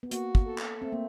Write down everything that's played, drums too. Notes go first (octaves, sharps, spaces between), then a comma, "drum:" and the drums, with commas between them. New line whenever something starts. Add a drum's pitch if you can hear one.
B3
A#3 F#4, drum: hi-hat
drum: kick
A4
drum: clap
A3 C4
A#3